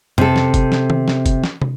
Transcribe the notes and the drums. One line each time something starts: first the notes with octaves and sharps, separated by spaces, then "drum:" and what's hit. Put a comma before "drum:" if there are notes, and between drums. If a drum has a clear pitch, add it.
C3 A4, drum: tom F2
drum: snare
drum: kick, hi-hat
drum: snare
drum: tom D#3
drum: snare
drum: kick, hi-hat
drum: snare
drum: tom